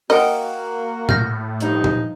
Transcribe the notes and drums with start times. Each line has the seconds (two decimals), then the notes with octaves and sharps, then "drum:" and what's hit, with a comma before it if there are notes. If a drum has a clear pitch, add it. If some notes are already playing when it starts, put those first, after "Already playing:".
0.10 A#3 F#4 A#4 D#5 F#5 G5, drum: open hi-hat
1.09 A2 F6 G6 A#6, drum: tom
1.60 G2 F3 D#4, drum: hi-hat
1.84 drum: tom